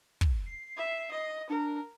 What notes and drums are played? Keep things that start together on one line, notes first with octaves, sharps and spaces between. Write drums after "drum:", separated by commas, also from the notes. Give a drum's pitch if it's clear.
drum: kick
C7
E5
D#5
D4 A#4